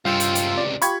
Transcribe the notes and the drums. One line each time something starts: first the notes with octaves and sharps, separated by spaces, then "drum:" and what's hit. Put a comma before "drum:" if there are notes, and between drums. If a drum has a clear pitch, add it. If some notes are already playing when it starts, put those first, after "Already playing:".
C#2 G2 C3 F4 F5 G5 E6
drum: hi-hat
drum: hi-hat
D5
F4 G4 B5 C#6 G#6, drum: hi-hat